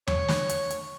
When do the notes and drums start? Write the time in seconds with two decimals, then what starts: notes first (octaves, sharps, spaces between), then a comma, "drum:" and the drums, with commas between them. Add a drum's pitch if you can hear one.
0.07 C#5, drum: tom E2
0.28 drum: snare
0.49 drum: hi-hat
0.70 drum: hi-hat